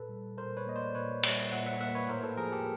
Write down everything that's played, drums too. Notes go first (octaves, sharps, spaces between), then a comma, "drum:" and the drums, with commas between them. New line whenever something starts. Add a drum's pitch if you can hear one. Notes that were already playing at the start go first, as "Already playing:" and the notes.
Already playing: A#2 A4 B4
G3
A#2 A#4 C5
B4 C#5
A#3 D#5
C5 D5
A#2 B4 C#5
G3, drum: cymbal
A#2 E5 F#5
E5 F#5
A#3 E5 F#5
B4 C#5
A2 A#4 C5
A4 B4
F3 G#4 A#4
G4 A4